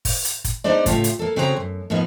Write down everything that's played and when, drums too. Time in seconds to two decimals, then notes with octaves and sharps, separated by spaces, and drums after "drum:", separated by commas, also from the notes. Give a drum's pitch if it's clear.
0.05 drum: kick G1, open hi-hat
0.25 drum: hi-hat
0.44 drum: kick G1, hi-hat
0.64 G#3 B3 D4 D#4 C5 D5
0.86 A2 C#3 A3 F4 G4, drum: kick G1, hi-hat
1.04 drum: hi-hat
1.19 A#3 A4
1.36 C#3 C4 F#4 G#4 B4 A#5
1.57 F#2
1.90 G#2 F3 A#3 B3 D#4